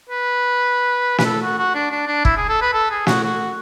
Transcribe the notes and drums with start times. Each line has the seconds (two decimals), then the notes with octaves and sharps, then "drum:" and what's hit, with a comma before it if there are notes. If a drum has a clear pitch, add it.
0.10 B4
1.18 B4, drum: snare
1.25 A4
1.42 F#4
1.58 F#4
1.75 D4
1.91 D4
2.08 D4
2.25 E4, drum: kick
2.37 G#4
2.49 A4
2.62 B4
2.74 A4
2.91 G#4
3.07 F#4, drum: snare
3.24 F#4